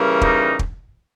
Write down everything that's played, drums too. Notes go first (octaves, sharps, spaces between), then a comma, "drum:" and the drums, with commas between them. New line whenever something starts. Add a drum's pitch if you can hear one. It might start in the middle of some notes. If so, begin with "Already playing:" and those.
Already playing: C#3 E3 G3 A#3
D#4, drum: kick
drum: kick